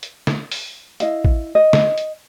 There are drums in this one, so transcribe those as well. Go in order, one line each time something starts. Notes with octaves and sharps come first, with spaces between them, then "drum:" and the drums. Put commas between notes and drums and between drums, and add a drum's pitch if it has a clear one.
drum: hi-hat
drum: snare
drum: open hi-hat
E4 D#5 F5, drum: hi-hat
drum: kick A1
D#5
drum: snare
drum: hi-hat